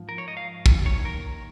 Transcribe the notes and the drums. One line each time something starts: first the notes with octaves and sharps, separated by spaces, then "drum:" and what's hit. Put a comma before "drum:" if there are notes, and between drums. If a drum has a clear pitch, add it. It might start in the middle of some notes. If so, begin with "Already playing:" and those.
Already playing: G#2 F3
A#4
C#5
D#5
F5
drum: kick
D#2 D#3 C#5
A#4